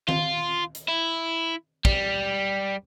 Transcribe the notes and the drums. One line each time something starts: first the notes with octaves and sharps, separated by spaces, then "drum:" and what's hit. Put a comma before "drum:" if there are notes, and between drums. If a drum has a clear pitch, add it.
F4, drum: tom D#3
drum: hi-hat
E4
G3, drum: kick